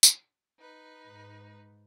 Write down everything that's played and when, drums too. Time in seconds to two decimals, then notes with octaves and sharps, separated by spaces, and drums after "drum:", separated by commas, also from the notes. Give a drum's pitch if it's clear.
0.03 drum: tambourine
0.59 D#4 B4
1.05 G#2